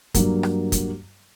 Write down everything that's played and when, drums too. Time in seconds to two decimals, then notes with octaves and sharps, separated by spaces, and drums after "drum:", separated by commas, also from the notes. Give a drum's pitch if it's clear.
0.14 G2 F#3 A#3, drum: kick, hi-hat
0.43 drum: rim click
0.72 drum: kick, hi-hat